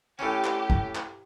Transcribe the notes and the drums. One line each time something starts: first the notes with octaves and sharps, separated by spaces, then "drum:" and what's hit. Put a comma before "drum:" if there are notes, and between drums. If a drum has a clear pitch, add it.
A2 C#4 G4
drum: clap
drum: kick
drum: clap